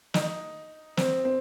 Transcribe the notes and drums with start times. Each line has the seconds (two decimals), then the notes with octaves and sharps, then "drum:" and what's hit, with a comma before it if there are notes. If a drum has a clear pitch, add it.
0.14 D#4, drum: snare
0.97 C4, drum: snare
1.25 C4